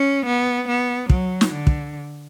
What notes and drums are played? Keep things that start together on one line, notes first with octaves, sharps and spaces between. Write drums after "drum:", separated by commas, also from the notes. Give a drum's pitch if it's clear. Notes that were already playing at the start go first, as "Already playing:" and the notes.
Already playing: C#4
B3
B3
F#3, drum: kick
drum: snare
D3
drum: kick